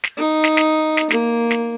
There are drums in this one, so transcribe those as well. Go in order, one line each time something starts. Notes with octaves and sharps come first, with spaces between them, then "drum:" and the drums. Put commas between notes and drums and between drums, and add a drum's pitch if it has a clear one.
drum: snare
D#4
drum: snare
drum: snare
drum: snare
A#3, drum: snare
drum: snare